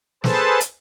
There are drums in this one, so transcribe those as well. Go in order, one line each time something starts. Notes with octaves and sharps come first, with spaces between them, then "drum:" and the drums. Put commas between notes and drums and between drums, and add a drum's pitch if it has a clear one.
G#4 A4 B4 C5 A5, drum: snare
drum: hi-hat